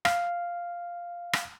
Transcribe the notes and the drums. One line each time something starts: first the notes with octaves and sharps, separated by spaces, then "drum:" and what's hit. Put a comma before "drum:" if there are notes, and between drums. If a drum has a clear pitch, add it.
F5, drum: rim click
drum: rim click